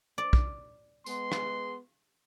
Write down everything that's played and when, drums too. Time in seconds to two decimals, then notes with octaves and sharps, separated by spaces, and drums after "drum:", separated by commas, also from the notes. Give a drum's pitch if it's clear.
0.18 D5
0.33 drum: kick
1.06 G#3 B3 C6, drum: tambourine
1.32 drum: rim click